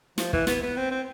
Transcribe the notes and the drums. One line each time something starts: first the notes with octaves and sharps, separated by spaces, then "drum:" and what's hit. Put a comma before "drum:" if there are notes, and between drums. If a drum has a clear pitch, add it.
F3, drum: snare
E3, drum: kick
B3, drum: snare
B3
C4
C4